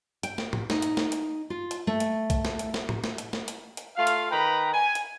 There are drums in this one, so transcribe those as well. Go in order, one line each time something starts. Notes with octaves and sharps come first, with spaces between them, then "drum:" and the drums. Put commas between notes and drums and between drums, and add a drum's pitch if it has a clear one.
G5, drum: hi-hat
drum: snare
drum: tom
D#4, drum: snare
drum: hi-hat
drum: snare
drum: hi-hat
F4
drum: hi-hat
A3
drum: hi-hat
drum: kick, hi-hat
drum: snare
drum: hi-hat
drum: snare
drum: tom
drum: snare
drum: hi-hat
drum: snare
drum: hi-hat
drum: hi-hat
A3 F4 F5
drum: hi-hat
D#3 B4 G5 A#5 B5
G#5
drum: hi-hat